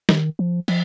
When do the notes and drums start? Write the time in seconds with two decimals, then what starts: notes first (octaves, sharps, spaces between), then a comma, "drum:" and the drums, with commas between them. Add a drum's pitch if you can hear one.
0.09 D#3, drum: snare
0.39 F3
0.68 F3, drum: cymbal